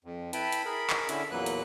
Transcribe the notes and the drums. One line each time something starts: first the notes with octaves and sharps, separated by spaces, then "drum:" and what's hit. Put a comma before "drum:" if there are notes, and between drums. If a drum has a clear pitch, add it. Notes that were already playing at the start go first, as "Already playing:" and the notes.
F2
E4 B4 G5 A5 B5, drum: hi-hat
drum: hi-hat
G#4 A#4 B5
drum: clap
D3 C#4 E4 E5, drum: hi-hat
E2 A#2 F#3 A#3 B4 F#6
drum: hi-hat